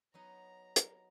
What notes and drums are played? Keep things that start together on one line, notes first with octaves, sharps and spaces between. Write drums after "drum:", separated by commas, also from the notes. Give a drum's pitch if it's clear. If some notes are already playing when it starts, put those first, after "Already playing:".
F#3 B3 D#4 A#5
drum: hi-hat